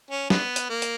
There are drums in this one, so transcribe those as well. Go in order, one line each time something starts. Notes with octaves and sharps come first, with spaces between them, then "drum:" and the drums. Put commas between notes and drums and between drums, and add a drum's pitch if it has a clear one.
C#4
B3, drum: snare
drum: hi-hat
A#3
drum: hi-hat